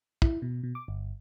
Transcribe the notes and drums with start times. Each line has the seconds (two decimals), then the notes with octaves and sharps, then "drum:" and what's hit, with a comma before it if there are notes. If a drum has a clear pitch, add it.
0.22 E4, drum: kick
0.42 B2
0.63 B2
0.75 D6
0.88 G1